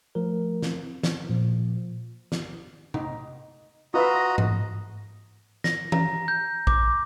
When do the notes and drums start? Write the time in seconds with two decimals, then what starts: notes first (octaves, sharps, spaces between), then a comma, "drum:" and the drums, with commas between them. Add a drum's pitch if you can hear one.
0.15 F3 A3 A#4
0.62 C4, drum: snare
1.03 drum: snare
1.29 A#2 F3
2.32 drum: snare
2.94 D#4, drum: tom C3
3.94 F4 F#4 B4 D#5 E5 A#5
4.38 drum: tom G#2
5.64 A#6, drum: snare
5.92 A#5, drum: tom E3
6.28 G6
6.67 D6, drum: kick A1